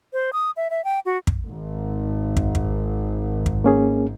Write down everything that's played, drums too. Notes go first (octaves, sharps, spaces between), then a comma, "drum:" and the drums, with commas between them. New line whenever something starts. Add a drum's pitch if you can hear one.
C5
D#6
E5
E5
G5
F#4
drum: kick
G#1
drum: kick
drum: kick
drum: kick
A#3 C#4 G#4